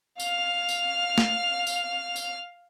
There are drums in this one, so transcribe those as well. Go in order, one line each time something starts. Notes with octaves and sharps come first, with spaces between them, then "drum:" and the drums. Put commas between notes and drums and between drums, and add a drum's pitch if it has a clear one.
F5 F6, drum: tambourine
drum: tambourine
drum: snare
drum: tambourine
drum: tambourine